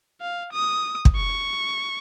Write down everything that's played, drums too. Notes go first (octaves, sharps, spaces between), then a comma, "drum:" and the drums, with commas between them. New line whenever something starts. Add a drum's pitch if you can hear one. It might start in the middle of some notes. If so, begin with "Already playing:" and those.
F5
D#6
drum: kick
C#6